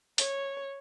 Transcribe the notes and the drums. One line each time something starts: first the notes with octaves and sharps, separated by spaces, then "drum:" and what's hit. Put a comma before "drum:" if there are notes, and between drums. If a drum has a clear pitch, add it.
C#5, drum: hi-hat